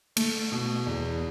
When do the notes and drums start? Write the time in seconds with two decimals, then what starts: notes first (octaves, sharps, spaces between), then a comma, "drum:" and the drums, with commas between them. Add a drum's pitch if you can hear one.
0.17 A3, drum: cymbal
0.52 B2
0.86 E2